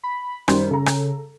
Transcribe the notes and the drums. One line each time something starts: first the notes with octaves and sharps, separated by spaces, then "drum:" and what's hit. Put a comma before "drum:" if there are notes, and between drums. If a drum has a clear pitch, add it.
B5
F#2 D#3 G3 C5, drum: rim click
C#3 A4 A#5
drum: rim click